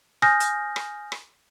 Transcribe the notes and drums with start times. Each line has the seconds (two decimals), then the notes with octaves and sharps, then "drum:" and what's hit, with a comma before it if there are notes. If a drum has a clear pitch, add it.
0.22 G#5 D#6 F6 G6 A#6, drum: rim click
0.40 drum: hi-hat
0.76 drum: rim click
1.12 drum: rim click